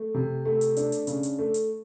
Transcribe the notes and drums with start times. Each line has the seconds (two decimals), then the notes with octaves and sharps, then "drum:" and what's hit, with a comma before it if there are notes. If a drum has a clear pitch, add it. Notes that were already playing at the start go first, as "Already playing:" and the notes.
Already playing: A3
0.14 C3
0.45 A3
0.61 drum: hi-hat
0.77 D4, drum: hi-hat
0.92 drum: hi-hat
1.07 C#3, drum: hi-hat
1.23 drum: hi-hat
1.39 A3
1.54 drum: hi-hat